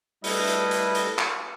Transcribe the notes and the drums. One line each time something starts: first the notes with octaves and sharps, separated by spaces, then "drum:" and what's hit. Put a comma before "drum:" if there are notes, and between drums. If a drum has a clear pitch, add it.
G3 A3 E4 A4 B4 D#5, drum: open hi-hat
drum: hi-hat
drum: hi-hat
drum: hi-hat
drum: clap